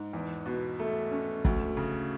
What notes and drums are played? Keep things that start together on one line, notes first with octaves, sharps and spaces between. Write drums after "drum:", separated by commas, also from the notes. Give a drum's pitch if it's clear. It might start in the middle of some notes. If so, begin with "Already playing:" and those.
Already playing: G#2
E2
B2
A3
C#4
D2, drum: kick
C#3